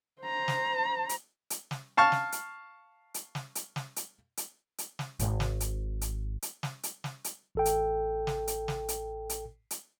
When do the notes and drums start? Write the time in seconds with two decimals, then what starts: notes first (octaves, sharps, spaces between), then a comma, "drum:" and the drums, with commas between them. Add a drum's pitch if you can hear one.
0.22 C5 A#5
0.48 drum: snare
1.09 drum: hi-hat
1.50 drum: hi-hat
1.71 drum: snare
1.97 F5 A5 C#6 F6
2.12 drum: snare
2.32 drum: hi-hat
3.14 drum: hi-hat
3.35 drum: snare
3.55 drum: hi-hat
3.76 drum: snare
3.96 drum: hi-hat
4.37 drum: hi-hat
4.78 drum: hi-hat
4.99 drum: snare
5.19 G#1, drum: hi-hat
5.40 drum: snare
5.60 drum: hi-hat
6.01 drum: hi-hat
6.42 drum: hi-hat
6.63 drum: snare
6.83 drum: hi-hat
7.04 drum: snare
7.24 drum: hi-hat
7.55 A1 A4 G5
7.65 drum: hi-hat
8.27 drum: snare
8.47 drum: hi-hat
8.68 drum: snare
8.89 drum: hi-hat
9.30 drum: hi-hat
9.71 drum: hi-hat